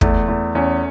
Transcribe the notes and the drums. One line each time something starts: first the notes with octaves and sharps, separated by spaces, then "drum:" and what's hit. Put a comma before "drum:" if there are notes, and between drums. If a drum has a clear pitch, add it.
E2 A3, drum: kick
E2
E2 C#4